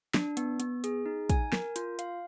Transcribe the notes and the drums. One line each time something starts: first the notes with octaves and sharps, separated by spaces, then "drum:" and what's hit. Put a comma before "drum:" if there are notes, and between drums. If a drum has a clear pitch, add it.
D4, drum: snare
B3, drum: hi-hat
B3, drum: hi-hat
G#4, drum: hi-hat
D#4
G#5, drum: kick, hi-hat
A#4, drum: snare
F4, drum: hi-hat
F5, drum: hi-hat